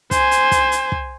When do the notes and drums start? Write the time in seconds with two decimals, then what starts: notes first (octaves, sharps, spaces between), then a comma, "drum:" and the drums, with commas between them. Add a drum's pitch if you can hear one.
0.11 C5 G#5, drum: kick, hi-hat
0.31 drum: hi-hat
0.52 drum: kick, hi-hat
0.72 drum: hi-hat
0.92 drum: kick